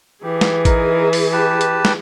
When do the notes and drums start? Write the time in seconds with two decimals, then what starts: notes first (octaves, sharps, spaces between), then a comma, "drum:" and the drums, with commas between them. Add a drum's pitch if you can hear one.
0.23 E3 G4 G#4
0.41 drum: snare
0.65 D#4 A#4, drum: kick, hi-hat
1.13 drum: open hi-hat
1.32 G4 B4 A5
1.61 drum: hi-hat
1.85 drum: snare